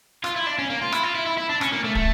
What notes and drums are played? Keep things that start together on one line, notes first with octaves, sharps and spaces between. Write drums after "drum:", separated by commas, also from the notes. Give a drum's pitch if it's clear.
F4, drum: rim click
E4
D4
C#4
A#3
F4
E4, drum: rim click
F4
E4
E4
E4
D4
C#4, drum: rim click
A#3
A3
A3, drum: kick